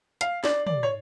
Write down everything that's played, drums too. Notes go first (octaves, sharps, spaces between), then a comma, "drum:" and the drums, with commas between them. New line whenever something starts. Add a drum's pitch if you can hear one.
F5, drum: hi-hat
D5, drum: snare
D5, drum: tom
C#5